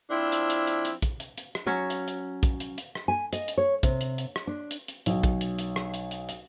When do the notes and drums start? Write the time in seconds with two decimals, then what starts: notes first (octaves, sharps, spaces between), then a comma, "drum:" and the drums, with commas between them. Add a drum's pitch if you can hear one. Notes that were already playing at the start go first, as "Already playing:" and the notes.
0.11 F3 C4 D4 E4
0.32 drum: hi-hat
0.50 drum: hi-hat
0.67 drum: hi-hat
0.85 drum: hi-hat
1.02 drum: kick, hi-hat
1.20 drum: hi-hat
1.38 drum: hi-hat
1.55 drum: rim click
1.66 F#3 C#4
1.90 drum: hi-hat
2.08 drum: hi-hat
2.43 drum: kick, hi-hat
2.60 drum: hi-hat
2.78 drum: hi-hat
2.95 drum: rim click
3.08 G#5
3.33 D#5, drum: hi-hat
3.48 drum: hi-hat
3.58 C#5
3.83 C3, drum: kick, hi-hat
4.01 drum: hi-hat
4.18 drum: hi-hat
4.36 drum: rim click
4.47 D4
4.71 drum: hi-hat
4.88 drum: hi-hat
5.06 B1, drum: hi-hat
5.23 drum: kick, hi-hat
5.41 drum: hi-hat
5.59 drum: hi-hat
5.76 drum: rim click
5.94 drum: hi-hat
6.11 drum: hi-hat
6.29 drum: hi-hat